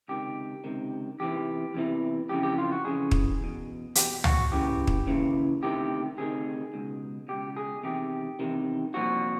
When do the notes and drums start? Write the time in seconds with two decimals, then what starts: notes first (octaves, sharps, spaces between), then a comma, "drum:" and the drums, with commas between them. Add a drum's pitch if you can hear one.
0.08 C#2 C3 D#3 G4
0.64 C#2 C3 D#3
1.20 E2 C3 E3 G4
1.74 E2 C3 E3
2.29 F2 C#3 E3 G4
2.43 G4
2.58 F4
2.72 F#4
2.85 F2 C#3 E3 G#4
3.11 drum: kick
3.41 E2 B2
3.95 E2 B2 G4, drum: hi-hat
4.24 F#4, drum: tom C#2
4.51 D#2 C#3 E3 G4
4.87 drum: kick
5.06 D#2 C#3 E3
5.62 D2 C3 D#3 G4
6.17 D2 C3 D#3 G#4
6.73 C#2 B2
7.28 C#2 B2 G4
7.57 G#4
7.83 E2 C3 D#3 G4
8.39 E2 C3 D#3
8.94 C2 A#2 F3 F#4